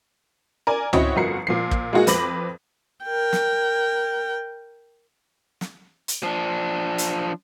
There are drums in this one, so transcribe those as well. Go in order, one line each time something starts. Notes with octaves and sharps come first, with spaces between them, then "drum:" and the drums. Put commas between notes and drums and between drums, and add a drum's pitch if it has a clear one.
A#4 D5 G#5
C4 C#4 E4 F#4 C#5 D#5, drum: tom
G1 F2 F#4 A#4 C7 C#7
A#2 F3 C7
drum: kick
G#3 A#3 D#4 F4 F#4 G#4
F2 B4 C5 D6 A#6 F#7, drum: hi-hat
A#4 G5
drum: snare
drum: snare
drum: hi-hat
F3 D4
drum: hi-hat